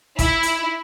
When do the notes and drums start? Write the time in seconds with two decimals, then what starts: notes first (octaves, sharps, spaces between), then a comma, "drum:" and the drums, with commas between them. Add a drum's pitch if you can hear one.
0.19 E4, drum: kick G#1, hi-hat
0.43 drum: hi-hat